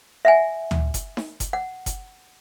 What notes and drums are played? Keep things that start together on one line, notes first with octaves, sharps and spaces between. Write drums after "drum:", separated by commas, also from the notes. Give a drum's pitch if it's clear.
E5 F#5 G#5
drum: tom D2
drum: kick F#1, hi-hat
drum: snare D#4
drum: kick F#1, hi-hat
F#5
drum: kick F#1, hi-hat